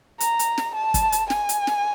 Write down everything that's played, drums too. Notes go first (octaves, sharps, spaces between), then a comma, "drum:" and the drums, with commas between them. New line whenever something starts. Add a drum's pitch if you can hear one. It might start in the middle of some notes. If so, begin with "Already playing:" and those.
A#5, drum: hi-hat
drum: hi-hat
drum: snare
A5
drum: kick, hi-hat
drum: hi-hat
G#5, drum: snare
drum: hi-hat
drum: snare